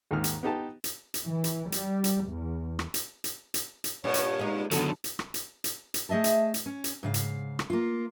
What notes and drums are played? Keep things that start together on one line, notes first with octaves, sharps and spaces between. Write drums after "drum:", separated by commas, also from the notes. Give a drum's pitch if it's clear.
D#2 G#2 D#3 F6
drum: hi-hat
B3 D#4 G4 A5
drum: hi-hat
drum: hi-hat
E3
drum: hi-hat
G3, drum: hi-hat
drum: hi-hat
E2
drum: rim click
drum: hi-hat
drum: hi-hat
drum: hi-hat
drum: hi-hat
G2 A#2 C#4 C#5
drum: hi-hat
G#3 C#4 D#4
D3 D#3 F#3 B3 A4, drum: hi-hat
drum: hi-hat
drum: rim click
drum: hi-hat
drum: hi-hat
drum: hi-hat
A3 G#4 D#5 E5 A5
drum: hi-hat
drum: hi-hat
C#4
drum: hi-hat
G#2 C#3 F5
drum: hi-hat
drum: rim click
A#3 F4